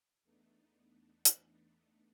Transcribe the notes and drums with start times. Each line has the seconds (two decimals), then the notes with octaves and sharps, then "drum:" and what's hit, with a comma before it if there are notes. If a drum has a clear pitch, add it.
0.23 E2 A3 B3 D4 D#4
1.25 drum: hi-hat